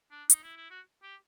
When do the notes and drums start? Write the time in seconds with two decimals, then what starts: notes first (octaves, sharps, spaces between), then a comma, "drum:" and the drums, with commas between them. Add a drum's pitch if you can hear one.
0.11 D4
0.30 D#4, drum: hi-hat
0.43 E4
0.57 E4
0.70 F#4
1.03 G4